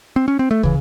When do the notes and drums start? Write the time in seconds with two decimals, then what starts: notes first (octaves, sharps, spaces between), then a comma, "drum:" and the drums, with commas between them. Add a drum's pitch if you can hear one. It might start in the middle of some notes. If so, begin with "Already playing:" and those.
0.16 C4
0.28 C#4
0.39 C4
0.51 A3
0.63 C#3 E3, drum: kick